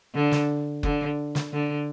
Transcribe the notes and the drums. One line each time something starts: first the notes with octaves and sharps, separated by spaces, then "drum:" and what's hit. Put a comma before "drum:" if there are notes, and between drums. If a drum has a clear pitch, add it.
D3
drum: snare
D3, drum: kick F#1
drum: snare
D3